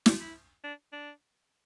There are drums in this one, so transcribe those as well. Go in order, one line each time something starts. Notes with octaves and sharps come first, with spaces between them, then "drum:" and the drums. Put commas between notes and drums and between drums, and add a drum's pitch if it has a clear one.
G3, drum: snare
E4
D4
D4